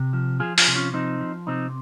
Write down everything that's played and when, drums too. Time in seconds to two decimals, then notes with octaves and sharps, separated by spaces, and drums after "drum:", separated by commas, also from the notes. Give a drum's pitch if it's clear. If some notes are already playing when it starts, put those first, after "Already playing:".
Already playing: C3
0.13 F3
0.40 F3 F4 G#4
0.58 F4 G#4, drum: open hi-hat
0.68 C3
0.76 C#4 F4
0.93 F3 C4 D#4
1.20 F3
1.47 C3 C4 D#4